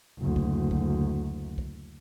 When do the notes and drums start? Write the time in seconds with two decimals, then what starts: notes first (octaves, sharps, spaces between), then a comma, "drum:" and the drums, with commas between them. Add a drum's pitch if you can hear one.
0.19 F#1 D2
0.36 drum: kick
0.71 drum: kick
1.58 drum: kick